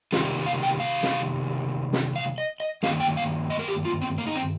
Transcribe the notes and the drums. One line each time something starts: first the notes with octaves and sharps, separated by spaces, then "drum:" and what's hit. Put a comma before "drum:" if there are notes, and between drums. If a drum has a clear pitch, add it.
C3 D#3 G3 A#3 F4, drum: snare
F5
G5
F5
drum: snare
drum: snare
F5
D#5
D#5
G2 D#3 A#3 F5, drum: snare
G5
F5
D#5
A#4
G4
F4
C4
A#3
D#4
C4